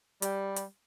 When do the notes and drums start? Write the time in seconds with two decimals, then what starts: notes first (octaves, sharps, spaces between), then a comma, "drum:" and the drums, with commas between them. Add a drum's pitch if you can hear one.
0.22 G3, drum: hi-hat
0.56 drum: hi-hat